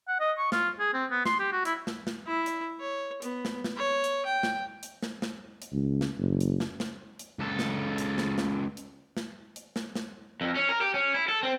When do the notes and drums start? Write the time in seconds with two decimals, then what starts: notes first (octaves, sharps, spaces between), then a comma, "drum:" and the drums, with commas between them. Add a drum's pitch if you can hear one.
0.08 F#5
0.20 D#5
0.38 C#6
0.52 F4, drum: snare
0.79 G#4
0.94 C4
1.11 B3
1.26 C6, drum: snare
1.39 G4
1.53 F#4
1.65 E4, drum: hi-hat
1.87 drum: snare
2.07 drum: snare
2.27 E4
2.46 drum: hi-hat
2.80 C#5
3.22 B3, drum: hi-hat
3.45 drum: snare
3.64 drum: snare
3.77 C#5
4.04 drum: hi-hat
4.25 G5
4.43 drum: snare
4.83 drum: hi-hat
5.02 drum: snare
5.22 drum: snare
5.62 drum: hi-hat
5.72 C#2
6.01 drum: snare
6.18 F#1
6.41 drum: hi-hat
6.60 drum: snare
6.80 drum: snare
7.19 drum: hi-hat
7.39 C#2 A4
7.59 drum: snare
7.98 drum: hi-hat
8.18 drum: snare
8.38 drum: snare
8.77 drum: hi-hat
9.17 drum: snare
9.56 drum: hi-hat
9.76 drum: snare
9.95 drum: snare
10.41 F2
10.56 C#4
10.69 A#4
10.81 G4
10.94 C#4
11.14 E4
11.28 A4
11.43 C4